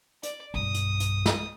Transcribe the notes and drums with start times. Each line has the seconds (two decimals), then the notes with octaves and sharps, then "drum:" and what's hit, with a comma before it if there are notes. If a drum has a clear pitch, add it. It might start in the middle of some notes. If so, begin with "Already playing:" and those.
0.23 D5, drum: hi-hat
0.54 B1 G2 D#6
0.74 drum: hi-hat
1.00 drum: hi-hat
1.26 drum: snare